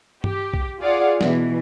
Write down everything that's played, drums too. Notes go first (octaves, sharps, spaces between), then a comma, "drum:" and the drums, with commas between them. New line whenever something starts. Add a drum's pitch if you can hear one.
G4, drum: tom G2
drum: kick B1
F4 G#4 D5 F5 F#5
B2 E3, drum: snare